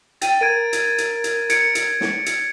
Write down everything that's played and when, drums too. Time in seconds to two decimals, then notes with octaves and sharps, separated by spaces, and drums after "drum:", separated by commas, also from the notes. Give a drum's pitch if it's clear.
0.21 G5 A6 D#7, drum: hi-hat
0.41 A#4 G#6 D7 D#7
0.73 drum: hi-hat
0.98 drum: hi-hat
1.24 drum: hi-hat
1.50 G#6 C#7 D7, drum: hi-hat
1.75 drum: hi-hat
2.01 drum: snare
2.26 drum: hi-hat